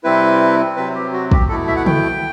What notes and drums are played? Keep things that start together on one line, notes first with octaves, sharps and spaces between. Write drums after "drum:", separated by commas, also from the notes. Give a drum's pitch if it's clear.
C3 G3 C4 E4 B4
C3 F#3 C4 B4
G4
F#4
G4, drum: kick
B2 A3 E4 A4
E5
F#5
G5, drum: tom C#3